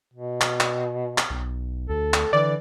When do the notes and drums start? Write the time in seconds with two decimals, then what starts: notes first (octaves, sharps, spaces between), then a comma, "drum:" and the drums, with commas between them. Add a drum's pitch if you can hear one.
0.14 B2
0.41 drum: clap
0.60 drum: clap
1.18 drum: clap
1.30 B1
1.89 D2 A4
2.14 drum: clap
2.33 D3 E3 D5